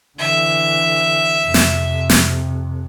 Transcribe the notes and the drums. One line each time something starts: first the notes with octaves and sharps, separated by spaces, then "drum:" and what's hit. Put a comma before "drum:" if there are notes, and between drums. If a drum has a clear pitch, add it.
D3 E3 E5
F2 C3
drum: snare
drum: snare